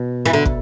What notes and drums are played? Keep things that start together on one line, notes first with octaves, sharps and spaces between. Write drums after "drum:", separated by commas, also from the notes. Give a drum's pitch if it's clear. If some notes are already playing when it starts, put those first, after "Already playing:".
Already playing: B2
E3
D3
drum: kick